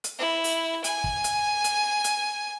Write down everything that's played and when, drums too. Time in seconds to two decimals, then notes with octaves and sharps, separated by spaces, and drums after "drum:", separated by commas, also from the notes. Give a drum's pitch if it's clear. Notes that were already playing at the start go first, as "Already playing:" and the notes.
0.04 drum: hi-hat
0.19 E4
0.44 drum: open hi-hat
0.84 G#5, drum: hi-hat
1.04 drum: kick
1.24 drum: hi-hat
1.64 drum: hi-hat
2.04 drum: hi-hat